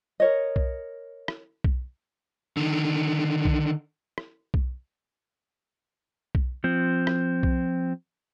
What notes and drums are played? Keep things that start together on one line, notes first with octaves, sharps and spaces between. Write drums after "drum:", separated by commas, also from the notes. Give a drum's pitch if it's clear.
A#4 C#5 D#5
drum: kick B1
drum: rim click
drum: kick B1
D3 D#3
drum: kick B1
drum: rim click
drum: kick B1
drum: kick B1
F3 C4
drum: rim click
drum: kick B1